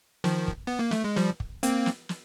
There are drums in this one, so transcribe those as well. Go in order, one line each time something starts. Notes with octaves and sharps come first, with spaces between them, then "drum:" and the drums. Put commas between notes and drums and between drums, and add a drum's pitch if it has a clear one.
D#3 F3, drum: snare
drum: kick
B3
A#3
A3, drum: snare
G#3
F3 G3, drum: snare
drum: kick
A#3 C4, drum: hi-hat
drum: snare
drum: snare